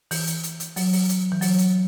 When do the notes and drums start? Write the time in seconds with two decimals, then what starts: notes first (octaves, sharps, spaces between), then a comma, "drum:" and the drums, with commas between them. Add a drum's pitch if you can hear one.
0.11 E3, drum: open hi-hat
0.27 drum: hi-hat
0.43 drum: hi-hat
0.60 drum: hi-hat
0.76 F#3, drum: open hi-hat
0.93 drum: open hi-hat
1.09 drum: hi-hat
1.32 E3
1.42 F#3, drum: open hi-hat
1.58 drum: hi-hat